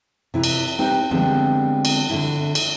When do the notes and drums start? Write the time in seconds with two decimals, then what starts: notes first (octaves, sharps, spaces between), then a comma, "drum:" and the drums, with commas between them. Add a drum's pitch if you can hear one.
0.34 C3 E4 B4 A#5
0.44 drum: cymbal
0.79 C4 D#4 G4 B4 C5
1.11 D3 F3 G3 G#3 B3 C4
1.85 drum: cymbal
2.10 D3 A3 E4
2.55 drum: cymbal